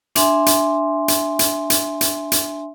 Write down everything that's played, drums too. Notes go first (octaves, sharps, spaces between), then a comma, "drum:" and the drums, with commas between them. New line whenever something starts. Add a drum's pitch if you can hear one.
D4 E5 G#5 C6, drum: hi-hat
drum: hi-hat
drum: hi-hat
drum: hi-hat
drum: hi-hat
drum: hi-hat
drum: hi-hat